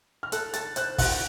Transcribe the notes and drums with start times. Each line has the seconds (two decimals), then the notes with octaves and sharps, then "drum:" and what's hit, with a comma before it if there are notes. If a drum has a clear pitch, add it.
0.23 F6
0.32 A4 F#6, drum: hi-hat
0.53 A4 A6, drum: hi-hat
0.76 C5 F#6, drum: hi-hat
0.98 F#5 F#6, drum: kick, open hi-hat